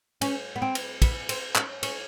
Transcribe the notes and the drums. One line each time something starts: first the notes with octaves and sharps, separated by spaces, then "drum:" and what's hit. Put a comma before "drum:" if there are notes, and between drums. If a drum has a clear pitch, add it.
C#4, drum: cymbal
B3
C4
drum: cymbal
B3, drum: kick, cymbal
C4, drum: cymbal
C#4, drum: clap
C#4, drum: cymbal